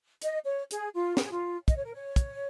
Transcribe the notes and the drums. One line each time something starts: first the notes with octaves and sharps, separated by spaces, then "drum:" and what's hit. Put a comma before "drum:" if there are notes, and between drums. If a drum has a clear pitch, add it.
D#5, drum: hi-hat
C#5
G#4, drum: hi-hat
F4
A#4, drum: snare
G#4
F4
D#5, drum: kick, hi-hat
C#5
A#4
C#5
drum: kick, hi-hat